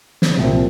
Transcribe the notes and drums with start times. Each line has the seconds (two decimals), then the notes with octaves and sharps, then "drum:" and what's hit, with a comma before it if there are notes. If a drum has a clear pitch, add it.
0.22 drum: snare
0.37 C2 A#2 F3 C4